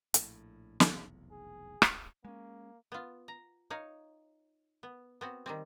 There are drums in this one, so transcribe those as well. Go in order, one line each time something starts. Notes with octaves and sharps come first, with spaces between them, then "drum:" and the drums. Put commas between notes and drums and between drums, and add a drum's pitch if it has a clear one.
A#1 A2, drum: hi-hat
F1 B1 E2, drum: snare
G#4
drum: rim click
G#3 A#3 C#4
B3 F4
A#5
D#4 C#5 F5
B3
B3 C4 F#4
D#3 G3 C4